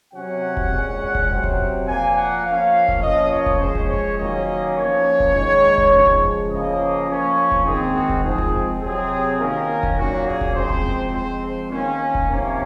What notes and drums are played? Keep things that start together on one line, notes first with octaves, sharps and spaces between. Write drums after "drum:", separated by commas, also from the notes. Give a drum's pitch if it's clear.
C3 F#3 C#4 F#5
drum: kick E1
A#2 G#3 C#4
drum: kick E1
C3 F#3 C4
drum: kick E1
A#2 F3 A#3 G#5
F#5
F3 A#3 C#4 F5
drum: kick E1
F3 A#3 C#4 D#5
C#5
drum: kick E1
F3 G#3 C#4 C5
drum: kick E1
C#5
D#3 F#3 A#3 C#4 D#5
F3 A#3 C#4 C#5
drum: kick E1
D#3 G#3 C#4
drum: kick E1
C#3 F3 G#3
drum: kick E1
C#3 F3 A#3 C#4 D#5
F3 A#3 C#4 C#5
drum: kick E1
D#3 G#3 C4 G#4
F#4
drum: kick E1
F3 G#3 C4 G#4
drum: kick E1
C3 F#3 C4 G#4
D#3 A#3 C#4 A#4
drum: kick E1
A#2 F#3 A#3 C#4 F#4
G#4
drum: kick E1
F3 G#3 C4 C5
drum: kick E1
F3 G#3 C4 C5
C5
D#3 A#3 C#4
drum: kick E1
C3 F3 A#3 C#4